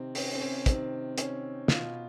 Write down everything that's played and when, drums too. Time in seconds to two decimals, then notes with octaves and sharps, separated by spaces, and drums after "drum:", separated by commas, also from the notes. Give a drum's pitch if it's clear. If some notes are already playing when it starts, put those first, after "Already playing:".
Already playing: C3 D#3 C4
0.15 C#4, drum: open hi-hat
0.35 C4
0.40 C#4
0.66 C3 D#3 C4, drum: kick, hi-hat
1.18 C#4, drum: hi-hat
1.68 B2 F4, drum: snare